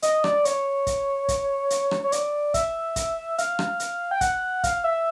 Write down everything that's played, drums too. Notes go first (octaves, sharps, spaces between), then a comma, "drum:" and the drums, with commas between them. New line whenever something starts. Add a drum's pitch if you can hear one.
D#5, drum: hi-hat
D5, drum: rim click
C#5, drum: hi-hat
drum: kick, hi-hat
drum: kick, hi-hat
drum: hi-hat
drum: rim click
C#5
D5, drum: hi-hat
E5, drum: kick, hi-hat
drum: kick, hi-hat
F5, drum: hi-hat
drum: rim click
drum: hi-hat
G5
F#5, drum: kick, hi-hat
F5, drum: kick, hi-hat
E5